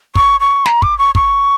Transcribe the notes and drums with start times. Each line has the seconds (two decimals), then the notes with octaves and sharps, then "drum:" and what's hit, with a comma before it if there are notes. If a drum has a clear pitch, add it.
0.15 C#6, drum: kick
0.40 C#6
0.66 A#5, drum: snare
0.82 D6, drum: kick
0.99 C#6
1.15 C#6, drum: kick